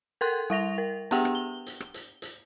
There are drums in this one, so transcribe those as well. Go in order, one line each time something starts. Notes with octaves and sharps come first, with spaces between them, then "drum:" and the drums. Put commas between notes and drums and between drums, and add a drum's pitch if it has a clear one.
A4 A#4 C6 F#6
G3 E5 A#6 F7
A#4
B3 D4 G4 F#5 G5, drum: hi-hat
drum: rim click
G7
drum: hi-hat
drum: rim click
drum: hi-hat
drum: hi-hat